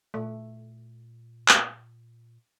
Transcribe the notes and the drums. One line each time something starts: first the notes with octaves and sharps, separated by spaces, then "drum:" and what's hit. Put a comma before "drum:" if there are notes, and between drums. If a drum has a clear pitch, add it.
A#2 A3
drum: clap